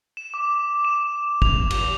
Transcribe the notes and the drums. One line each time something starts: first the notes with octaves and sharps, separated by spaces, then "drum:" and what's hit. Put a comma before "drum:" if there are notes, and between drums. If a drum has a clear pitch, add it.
E7
D6
E7
F7, drum: kick
drum: cymbal